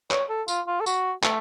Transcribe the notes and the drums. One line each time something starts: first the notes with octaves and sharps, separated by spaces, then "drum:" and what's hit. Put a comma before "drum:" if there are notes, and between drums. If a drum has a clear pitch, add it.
C#5, drum: clap
A4
F4, drum: tambourine
F4
A4
F#4, drum: tambourine
A3, drum: clap